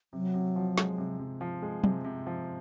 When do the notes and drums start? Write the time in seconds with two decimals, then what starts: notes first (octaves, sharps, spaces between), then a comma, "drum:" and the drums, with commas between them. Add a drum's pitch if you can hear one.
0.13 C3 F#3
0.34 C3
0.56 F3
0.78 G#3, drum: snare
0.98 C3
1.19 C3
1.41 F3
1.62 G#3
1.84 C3, drum: tom
2.04 C3
2.27 F3